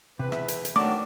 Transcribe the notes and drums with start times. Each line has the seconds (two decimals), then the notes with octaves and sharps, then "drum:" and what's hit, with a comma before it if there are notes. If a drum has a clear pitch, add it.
0.19 E2 C3 B4
0.32 E5, drum: rim click
0.48 drum: hi-hat
0.65 drum: hi-hat
0.76 D#3 F#3 A3 D4 D6